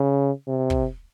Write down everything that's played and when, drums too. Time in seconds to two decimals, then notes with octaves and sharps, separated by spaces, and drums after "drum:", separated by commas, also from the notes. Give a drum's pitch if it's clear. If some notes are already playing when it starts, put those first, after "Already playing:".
Already playing: C#3
0.47 C3
0.70 drum: kick